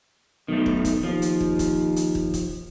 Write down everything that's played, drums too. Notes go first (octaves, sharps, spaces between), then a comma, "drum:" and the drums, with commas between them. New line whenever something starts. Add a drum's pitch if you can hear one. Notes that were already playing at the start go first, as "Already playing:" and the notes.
B1 D#3 A3
drum: kick
drum: kick, hi-hat
D#2 F3
drum: hi-hat
drum: kick
drum: kick, hi-hat
drum: hi-hat
drum: kick
drum: kick, hi-hat